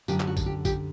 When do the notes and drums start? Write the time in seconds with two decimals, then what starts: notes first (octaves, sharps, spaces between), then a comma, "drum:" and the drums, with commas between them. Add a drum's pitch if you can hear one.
0.08 F#2 D3 G4, drum: tambourine
0.20 G4, drum: clap
0.27 F#4
0.37 drum: kick, tambourine
0.46 G4
0.65 G4, drum: kick, tambourine